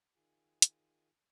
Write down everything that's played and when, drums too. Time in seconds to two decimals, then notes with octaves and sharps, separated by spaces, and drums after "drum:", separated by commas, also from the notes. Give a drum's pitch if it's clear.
0.16 D#3 F4 G#4 G#5
0.62 drum: hi-hat